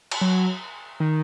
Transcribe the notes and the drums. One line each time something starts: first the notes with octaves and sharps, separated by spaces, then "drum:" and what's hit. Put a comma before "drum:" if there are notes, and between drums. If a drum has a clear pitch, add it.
drum: cymbal
F#3
D#3